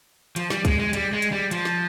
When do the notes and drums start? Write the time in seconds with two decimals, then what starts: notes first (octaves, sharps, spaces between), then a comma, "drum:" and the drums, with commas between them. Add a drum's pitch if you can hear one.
0.36 F3, drum: hi-hat
0.50 G3, drum: snare
0.65 G#3, drum: kick, hi-hat
0.79 G#3
0.93 G3, drum: hi-hat
1.13 G#3
1.22 drum: hi-hat
1.32 G3
1.51 F3, drum: hi-hat
1.65 drum: snare